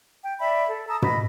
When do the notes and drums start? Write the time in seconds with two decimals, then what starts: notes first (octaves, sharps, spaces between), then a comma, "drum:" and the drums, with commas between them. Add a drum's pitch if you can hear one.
0.24 G5
0.40 D5 E5 B5
0.69 A4
0.88 A5 A#5 D#6 E6
1.02 D#5 B5, drum: tom